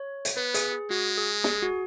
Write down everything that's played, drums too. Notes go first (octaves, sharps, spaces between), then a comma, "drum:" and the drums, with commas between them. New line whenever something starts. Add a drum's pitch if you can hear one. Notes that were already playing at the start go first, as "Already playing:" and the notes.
Already playing: C#5
drum: hi-hat
B3 B4
G#4, drum: hi-hat
G#4
G#3 F#4
G#4
G#4, drum: snare
F#4